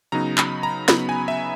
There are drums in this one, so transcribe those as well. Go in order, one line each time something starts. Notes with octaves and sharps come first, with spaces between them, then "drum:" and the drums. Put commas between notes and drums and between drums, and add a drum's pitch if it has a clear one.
C#3 F#3 B3 D#4 A#5
B5, drum: clap
A#5
C#3 F#3 B3 D#4 B5, drum: snare
G#5
E5